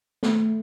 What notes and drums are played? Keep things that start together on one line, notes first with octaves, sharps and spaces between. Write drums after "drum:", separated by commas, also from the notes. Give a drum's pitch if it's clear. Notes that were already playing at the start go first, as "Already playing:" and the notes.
A3, drum: snare